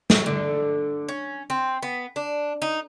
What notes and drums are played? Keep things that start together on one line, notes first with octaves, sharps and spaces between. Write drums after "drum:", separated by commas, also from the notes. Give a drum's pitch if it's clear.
F#3, drum: snare
D3
C#4
C4
B3
D4
D#4